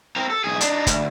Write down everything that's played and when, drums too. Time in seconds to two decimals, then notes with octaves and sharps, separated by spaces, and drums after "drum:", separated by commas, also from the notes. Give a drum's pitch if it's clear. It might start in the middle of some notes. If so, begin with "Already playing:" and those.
0.16 C4 A#4
0.30 A4
0.44 B1 G#4
0.61 D4 D#4, drum: hi-hat
0.87 D2, drum: kick G1, hi-hat